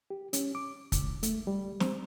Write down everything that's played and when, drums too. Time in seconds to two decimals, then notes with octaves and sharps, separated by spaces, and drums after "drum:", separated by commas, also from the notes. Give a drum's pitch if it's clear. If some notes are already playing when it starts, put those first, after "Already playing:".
0.10 G4
0.33 C#4, drum: hi-hat
0.55 D6
0.92 C#2, drum: kick, hi-hat
1.23 A3, drum: hi-hat
1.47 G3
1.80 C5, drum: snare